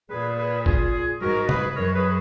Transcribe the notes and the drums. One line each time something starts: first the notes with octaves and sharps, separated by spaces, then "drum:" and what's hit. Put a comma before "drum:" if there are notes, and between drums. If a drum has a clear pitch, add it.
A#2 G#4 B4
G#4 B4
F4 G#4, drum: kick
G#2 F#4 A#4
G#4 B4, drum: tom
F#2 A#4 C#5
G#4 B4